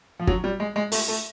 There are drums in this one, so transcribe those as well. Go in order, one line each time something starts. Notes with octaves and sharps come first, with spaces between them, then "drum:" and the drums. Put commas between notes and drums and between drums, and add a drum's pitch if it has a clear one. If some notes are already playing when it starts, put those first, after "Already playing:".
F3
F#3, drum: kick G1
G3
G#3
G#3
A3, drum: open hi-hat
A3